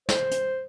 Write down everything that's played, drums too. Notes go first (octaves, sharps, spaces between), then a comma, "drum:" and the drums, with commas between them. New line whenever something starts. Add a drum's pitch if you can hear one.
C5, drum: snare
drum: hi-hat